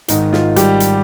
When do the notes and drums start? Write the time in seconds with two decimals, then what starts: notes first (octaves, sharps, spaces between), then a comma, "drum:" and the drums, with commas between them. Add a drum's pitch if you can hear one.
0.08 G#1 G#2 D#3 D#4, drum: hi-hat
0.33 F4, drum: snare
0.56 G3 G4, drum: hi-hat
0.80 drum: hi-hat